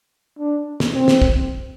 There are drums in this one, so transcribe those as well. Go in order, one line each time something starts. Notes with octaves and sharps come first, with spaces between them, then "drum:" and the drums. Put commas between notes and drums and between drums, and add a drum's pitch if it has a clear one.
D4
drum: snare
C4
drum: snare
drum: kick